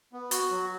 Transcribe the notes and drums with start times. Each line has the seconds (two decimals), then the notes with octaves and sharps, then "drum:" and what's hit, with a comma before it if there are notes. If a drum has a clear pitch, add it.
0.13 B3
0.31 F#4, drum: hi-hat
0.51 F#3